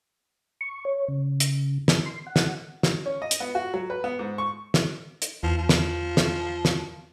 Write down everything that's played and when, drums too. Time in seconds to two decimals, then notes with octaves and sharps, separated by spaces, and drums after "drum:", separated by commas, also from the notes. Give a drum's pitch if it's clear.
0.61 C#6
0.85 C#5
1.08 C#3
1.40 drum: hi-hat
1.88 drum: snare
2.06 C6
2.27 F#5
2.36 drum: snare
2.83 drum: snare
3.06 C#4
3.22 D#5
3.31 drum: hi-hat
3.40 B3
3.55 F#4
3.74 F#3
3.90 B4
4.04 B3
4.19 G#2
4.38 C#6
4.74 drum: snare
5.22 drum: hi-hat
5.43 E2 F3
5.58 F3
5.69 drum: snare
6.17 drum: snare
6.65 drum: snare